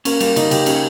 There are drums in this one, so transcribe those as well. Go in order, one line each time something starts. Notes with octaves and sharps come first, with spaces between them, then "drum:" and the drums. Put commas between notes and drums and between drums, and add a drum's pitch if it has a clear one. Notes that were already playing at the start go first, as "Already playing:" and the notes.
A#3 C#4, drum: cymbal
G3 A#3, drum: cymbal
C#3 D#4, drum: cymbal
C#3 G4, drum: cymbal
C#4 G4, drum: cymbal